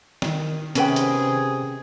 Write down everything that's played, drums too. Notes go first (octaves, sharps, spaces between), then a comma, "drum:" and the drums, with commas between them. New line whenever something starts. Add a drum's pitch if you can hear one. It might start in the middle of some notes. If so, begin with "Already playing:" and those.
D#3, drum: snare
C3 C#4 G#4 B4 G5, drum: hi-hat
drum: hi-hat